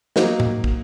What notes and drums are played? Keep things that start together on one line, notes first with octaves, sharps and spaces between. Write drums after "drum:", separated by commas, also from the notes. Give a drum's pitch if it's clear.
F#3 A#3 D#4 F#4, drum: snare
drum: tom A2
drum: kick